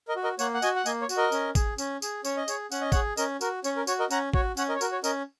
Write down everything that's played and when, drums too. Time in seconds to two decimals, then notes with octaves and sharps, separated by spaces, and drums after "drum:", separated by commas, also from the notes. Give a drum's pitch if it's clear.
0.08 A#4 D#5
0.16 F#4
0.23 A#4 D#5
0.39 A#3 C#5 F#5, drum: tambourine
0.54 F#5
0.62 F#4 D#5 G#5, drum: tambourine
0.76 F#5
0.86 A#3 D#5 G#5, drum: tambourine
1.02 C#5
1.09 F#4, drum: tambourine
1.17 A#4 D#5
1.32 C#4, drum: tambourine
1.55 G#4, drum: kick A1, tambourine
1.78 C#4, drum: tambourine
2.02 G#4, drum: tambourine
2.25 C#4 C#5, drum: tambourine
2.37 D#5
2.48 G#4 C#5, drum: tambourine
2.72 C#4 F#5, drum: tambourine
2.81 D#5
2.92 G#4 C#5 F#5, drum: kick A1, tambourine
3.17 C#4 A#4 D#5, drum: tambourine
3.41 F#4 A#4, drum: tambourine
3.64 C#4 C#5, drum: tambourine
3.76 A#4
3.87 F#4 C#5, drum: tambourine
3.99 A#4 D#5
4.11 C#4 F#5 A#5, drum: tambourine
4.34 F#4 C#5, drum: kick A1
4.57 C#4 C#5 F#5, drum: tambourine
4.69 A#4 D#5
4.75 C#5
4.81 F#4 A#4, drum: tambourine
4.92 C#5
5.04 C#4 A#4 D#5, drum: tambourine